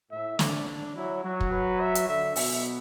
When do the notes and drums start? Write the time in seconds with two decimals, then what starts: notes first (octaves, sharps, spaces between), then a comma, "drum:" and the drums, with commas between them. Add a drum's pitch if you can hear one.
0.11 A2 E5
0.39 D3 D5, drum: snare
0.67 D4
0.95 F#3 E4
1.23 F#3 F#4
1.40 drum: kick
1.52 B4
1.80 E5
1.95 drum: hi-hat
2.08 D3 E5
2.36 B2 E5, drum: open hi-hat